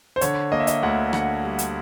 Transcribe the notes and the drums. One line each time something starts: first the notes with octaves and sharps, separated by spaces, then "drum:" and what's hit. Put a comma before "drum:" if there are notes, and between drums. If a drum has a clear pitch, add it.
C5
D3 C#5, drum: hi-hat
A#3 D#5
E5
D#5, drum: hi-hat
D2 F#5
D3 F#5, drum: rim click
G3
drum: hi-hat